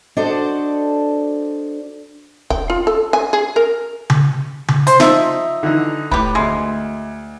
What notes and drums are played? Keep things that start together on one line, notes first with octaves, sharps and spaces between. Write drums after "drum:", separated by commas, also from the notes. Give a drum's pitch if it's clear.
D4 F#4 A4 C5 D5 D#5
G5, drum: kick
F4
A4
G#5
G#4
A#4
drum: tom C#3
drum: tom C#3
C5, drum: hi-hat
F3 D#4 E5, drum: snare
D3 E3 D#4
A2 G4 B4, drum: kick
D2 G#3 E5